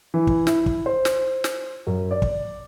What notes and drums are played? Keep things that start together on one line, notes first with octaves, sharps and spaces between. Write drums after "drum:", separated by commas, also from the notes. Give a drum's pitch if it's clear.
E3
drum: kick
E4, drum: snare
drum: kick
C5
drum: snare
drum: snare
F#2
D5
drum: kick